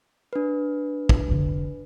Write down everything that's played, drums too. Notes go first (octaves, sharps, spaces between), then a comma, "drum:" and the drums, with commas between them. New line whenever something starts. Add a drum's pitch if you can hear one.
D4 B4
drum: kick
F1 D3